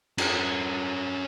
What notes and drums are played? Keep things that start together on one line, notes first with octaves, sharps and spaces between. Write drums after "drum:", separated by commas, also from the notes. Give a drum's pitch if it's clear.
C#4 A#4, drum: cymbal